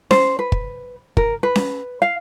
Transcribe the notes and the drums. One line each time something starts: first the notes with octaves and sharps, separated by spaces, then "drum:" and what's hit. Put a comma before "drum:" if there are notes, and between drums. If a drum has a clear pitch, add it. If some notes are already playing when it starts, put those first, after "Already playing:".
C5, drum: snare C#4
B4
drum: kick
A#4, drum: kick
B4
drum: snare C#4
F5